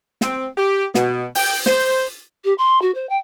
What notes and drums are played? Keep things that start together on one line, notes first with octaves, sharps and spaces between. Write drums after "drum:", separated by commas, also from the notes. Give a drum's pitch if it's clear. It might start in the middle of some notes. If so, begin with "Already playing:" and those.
C4, drum: snare
G4
B2, drum: snare
G5, drum: open hi-hat
C5, drum: snare
G4
C6
F#4
C5
G5